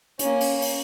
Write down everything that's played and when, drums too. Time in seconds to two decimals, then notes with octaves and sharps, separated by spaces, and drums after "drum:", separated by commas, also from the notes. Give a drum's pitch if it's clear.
0.19 A#3 C#4, drum: hi-hat
0.41 drum: open hi-hat
0.62 drum: open hi-hat